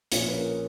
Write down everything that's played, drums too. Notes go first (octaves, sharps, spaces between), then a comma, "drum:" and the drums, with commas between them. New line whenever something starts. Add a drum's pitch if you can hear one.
A#1 A#2 C#4, drum: hi-hat
B4
A#4